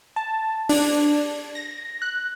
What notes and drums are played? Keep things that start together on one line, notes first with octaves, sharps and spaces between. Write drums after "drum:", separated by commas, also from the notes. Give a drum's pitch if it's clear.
A5
D4, drum: open hi-hat
A#6
F#6